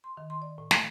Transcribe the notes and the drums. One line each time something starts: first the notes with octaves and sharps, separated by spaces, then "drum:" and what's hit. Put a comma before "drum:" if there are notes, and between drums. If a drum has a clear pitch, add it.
C6
D#3
C6
D5
A2
A3, drum: snare